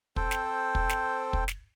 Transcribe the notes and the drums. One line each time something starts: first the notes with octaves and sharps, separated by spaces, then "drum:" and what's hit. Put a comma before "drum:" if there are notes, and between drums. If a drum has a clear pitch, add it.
C4 A4 C5 G5, drum: kick
drum: snare
drum: kick
drum: snare
drum: kick
drum: snare